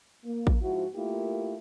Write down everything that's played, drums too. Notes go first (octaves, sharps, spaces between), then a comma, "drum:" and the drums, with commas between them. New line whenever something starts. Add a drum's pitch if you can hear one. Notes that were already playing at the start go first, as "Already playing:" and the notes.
A#3
drum: kick A1
G#2 F3 E4 F#4
A3 A#3 E4 F4 G4 A#4